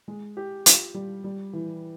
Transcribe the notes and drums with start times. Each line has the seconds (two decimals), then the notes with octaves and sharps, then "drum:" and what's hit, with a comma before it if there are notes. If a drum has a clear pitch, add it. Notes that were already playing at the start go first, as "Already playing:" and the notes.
0.08 G#3
0.37 G4
0.66 F4, drum: hi-hat
0.94 G3
1.24 G3
1.53 E3